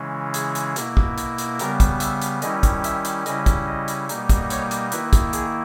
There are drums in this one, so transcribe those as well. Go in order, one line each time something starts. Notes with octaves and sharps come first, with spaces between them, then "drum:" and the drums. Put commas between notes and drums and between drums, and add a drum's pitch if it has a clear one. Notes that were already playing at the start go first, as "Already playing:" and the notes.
Already playing: C#3 E3 G#3 C#4 E4
G#4, drum: hi-hat
drum: hi-hat
B2 A#3 E4, drum: hi-hat
drum: kick
drum: hi-hat
drum: hi-hat
C#3 G3 B3 A#4, drum: hi-hat
drum: kick, hi-hat
E5, drum: hi-hat
drum: hi-hat
D#3 G3 C#4 E4 D#5, drum: hi-hat
drum: kick, hi-hat
E5, drum: hi-hat
drum: hi-hat
C#3 G3 C#4 E4 D#5, drum: hi-hat
drum: kick, hi-hat
D#5
drum: hi-hat
B2 G3 A#3 D#4, drum: hi-hat
drum: kick, hi-hat
C#5, drum: hi-hat
drum: hi-hat
D#3 A#3 E4 B4, drum: hi-hat
drum: kick, hi-hat
G#4, drum: hi-hat